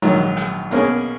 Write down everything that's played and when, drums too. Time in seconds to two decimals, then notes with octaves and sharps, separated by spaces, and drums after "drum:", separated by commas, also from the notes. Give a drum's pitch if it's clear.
0.02 A#1 G#2 D#3 F#3, drum: hi-hat
0.37 drum: rim click
0.71 B2 A#3 C#4 G#4, drum: hi-hat